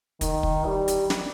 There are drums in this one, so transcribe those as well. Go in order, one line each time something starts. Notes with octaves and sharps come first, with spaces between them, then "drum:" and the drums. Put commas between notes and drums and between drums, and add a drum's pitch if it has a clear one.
D#3, drum: kick, hi-hat
drum: kick
G3
drum: hi-hat
drum: snare